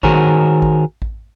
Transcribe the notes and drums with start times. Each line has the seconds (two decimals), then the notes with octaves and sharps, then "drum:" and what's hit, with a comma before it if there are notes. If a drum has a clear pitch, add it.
0.03 D#3 F#4 G#4 A#4 C5 C#5, drum: kick A1
0.62 drum: kick A1
1.02 drum: kick A1